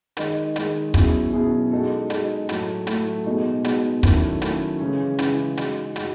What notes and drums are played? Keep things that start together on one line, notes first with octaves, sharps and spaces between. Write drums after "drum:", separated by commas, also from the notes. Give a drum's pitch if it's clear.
D#3 G#3 D#4, drum: hi-hat
D#3 G#3 D#4, drum: hi-hat
B2 F#3 C#4 E4 G#4, drum: kick, hi-hat
B2 F#3 C#4 E4 G#4
G#3 D#4 F#4 A4
G#3 D#4 F#4 A4, drum: hi-hat
A2 F#3 A3, drum: hi-hat
A2 F#3 A3, drum: hi-hat
B2 G#3 D#4 F#4
B2 G#3 D#4 F#4, drum: hi-hat
D#3 F#3 A3 C#4 E4, drum: kick, hi-hat
D#3 F#3 A3 C#4 E4, drum: hi-hat
C#3 E3 G#3 C#4
C#3 E3 G#3 C#4, drum: hi-hat
G#3 D#4 F#4, drum: hi-hat
G#3 D#4 F#4, drum: hi-hat